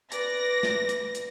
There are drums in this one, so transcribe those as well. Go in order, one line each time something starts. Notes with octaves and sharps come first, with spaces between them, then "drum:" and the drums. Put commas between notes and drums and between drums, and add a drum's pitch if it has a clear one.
B4 D5 A#6, drum: hi-hat
drum: snare
drum: hi-hat
drum: hi-hat